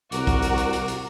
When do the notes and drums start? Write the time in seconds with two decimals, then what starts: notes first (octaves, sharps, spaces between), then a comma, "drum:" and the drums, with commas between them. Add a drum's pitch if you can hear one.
0.12 C2 F#4 A#4 D6, drum: hi-hat
0.27 drum: kick, hi-hat
0.42 drum: hi-hat
0.58 drum: hi-hat
0.73 drum: hi-hat
0.88 drum: hi-hat